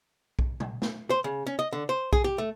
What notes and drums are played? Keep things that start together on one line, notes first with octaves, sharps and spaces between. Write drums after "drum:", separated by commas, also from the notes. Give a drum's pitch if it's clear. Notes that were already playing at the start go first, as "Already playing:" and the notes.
drum: kick B1
drum: tom A#2
drum: snare
C5
C#3
C#4
D#5
D3
C5
G#4, drum: kick B1
G4
A3